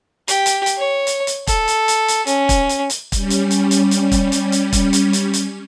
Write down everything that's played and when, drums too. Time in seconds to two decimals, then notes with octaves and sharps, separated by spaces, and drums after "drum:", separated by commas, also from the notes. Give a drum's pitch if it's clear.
0.28 G4, drum: hi-hat
0.46 drum: hi-hat
0.66 drum: hi-hat
0.78 C#5
1.07 drum: hi-hat
1.27 drum: hi-hat
1.47 A4, drum: kick, hi-hat
1.68 drum: hi-hat
1.88 drum: hi-hat
2.08 drum: hi-hat
2.27 C#4, drum: hi-hat
2.49 drum: kick, hi-hat
2.69 drum: hi-hat
2.90 drum: hi-hat
3.12 G3 C#4, drum: kick, hi-hat
3.30 drum: hi-hat
3.51 drum: hi-hat
3.71 drum: hi-hat
3.91 drum: hi-hat
4.12 drum: kick, hi-hat
4.32 drum: hi-hat
4.52 drum: hi-hat
4.73 drum: kick, hi-hat
4.93 drum: hi-hat
5.13 drum: hi-hat
5.34 drum: hi-hat